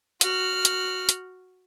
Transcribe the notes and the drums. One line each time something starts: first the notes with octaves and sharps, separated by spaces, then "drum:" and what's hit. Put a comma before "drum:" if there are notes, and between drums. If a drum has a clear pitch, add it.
F#4 F6, drum: hi-hat
drum: hi-hat
drum: hi-hat